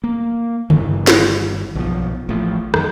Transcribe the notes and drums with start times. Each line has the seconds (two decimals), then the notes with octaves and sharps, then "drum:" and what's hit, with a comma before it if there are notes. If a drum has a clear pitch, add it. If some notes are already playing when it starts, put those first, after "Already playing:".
0.04 A#3
0.70 G1 G2 D#3 E3, drum: tom C#3
1.07 drum: snare
1.75 B1 B2 F3
2.29 A1 A2 F3
2.74 F#2 D#3, drum: rim click